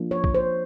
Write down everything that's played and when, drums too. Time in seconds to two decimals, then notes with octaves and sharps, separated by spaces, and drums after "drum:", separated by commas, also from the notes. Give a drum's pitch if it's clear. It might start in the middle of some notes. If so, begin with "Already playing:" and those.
Already playing: F3 A#3 D4 F4
0.11 C#5
0.24 drum: kick
0.35 C5